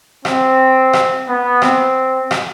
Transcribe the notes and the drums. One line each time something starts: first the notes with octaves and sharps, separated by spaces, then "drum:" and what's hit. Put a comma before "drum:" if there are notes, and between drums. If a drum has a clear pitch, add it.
C4, drum: rim click
drum: rim click
B3
C4, drum: rim click
drum: rim click